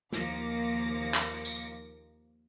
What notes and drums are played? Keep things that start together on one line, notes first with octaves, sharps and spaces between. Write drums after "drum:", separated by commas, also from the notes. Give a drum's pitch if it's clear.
D#2 F3 A#3 D6 A#6 C#7, drum: snare
drum: clap
drum: tambourine